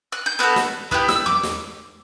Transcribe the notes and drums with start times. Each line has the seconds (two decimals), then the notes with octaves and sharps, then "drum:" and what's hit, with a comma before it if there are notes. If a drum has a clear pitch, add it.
0.12 F#6
0.26 G6
0.39 B3 F#4 A4 F#6
0.56 drum: snare
0.91 B3 E4 G4 F#6, drum: kick
1.08 E6, drum: snare
1.26 D6, drum: tom
1.43 drum: snare